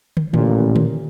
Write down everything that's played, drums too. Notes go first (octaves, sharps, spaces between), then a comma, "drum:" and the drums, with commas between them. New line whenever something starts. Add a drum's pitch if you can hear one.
drum: tom
A1 A#2, drum: tom D3
drum: tom D3